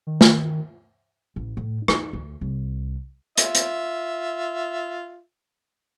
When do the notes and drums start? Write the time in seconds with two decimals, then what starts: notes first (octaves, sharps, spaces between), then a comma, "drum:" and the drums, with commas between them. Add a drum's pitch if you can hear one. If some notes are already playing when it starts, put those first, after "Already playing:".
0.07 D#3
0.21 drum: snare
1.36 A1
1.57 A2
1.88 D#4, drum: rim click
2.13 D2
2.41 C2
3.37 F4 E5, drum: hi-hat
3.55 drum: hi-hat